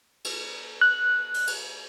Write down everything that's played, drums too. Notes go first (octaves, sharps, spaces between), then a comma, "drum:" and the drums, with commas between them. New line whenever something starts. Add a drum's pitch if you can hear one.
drum: cymbal
F#6
drum: open hi-hat
drum: cymbal